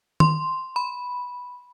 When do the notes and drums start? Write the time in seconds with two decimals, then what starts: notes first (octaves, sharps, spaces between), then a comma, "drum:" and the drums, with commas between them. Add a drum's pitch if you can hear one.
0.20 C6, drum: tom D#3
0.76 B5